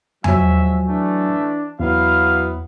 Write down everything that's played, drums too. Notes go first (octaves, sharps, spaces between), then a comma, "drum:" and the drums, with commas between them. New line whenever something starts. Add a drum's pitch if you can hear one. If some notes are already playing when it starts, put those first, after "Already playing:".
F3 F#3 G#3 F#4 E5 G#5, drum: tom E2
E3 A3 D4
E2 F#3 B3 E4 F5